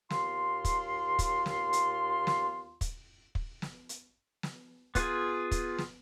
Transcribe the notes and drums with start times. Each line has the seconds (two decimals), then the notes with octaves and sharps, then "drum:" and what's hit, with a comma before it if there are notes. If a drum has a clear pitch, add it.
0.10 D#2 F4 C6, drum: snare
0.65 drum: kick, hi-hat
1.19 drum: kick, hi-hat
1.46 drum: snare
1.73 drum: hi-hat
2.27 drum: snare
2.81 drum: kick, hi-hat
3.35 drum: kick
3.62 drum: snare
3.89 drum: hi-hat
4.43 drum: snare
4.95 B3 F4 G#4 G#5, drum: kick, hi-hat
5.51 drum: kick, hi-hat
5.78 drum: snare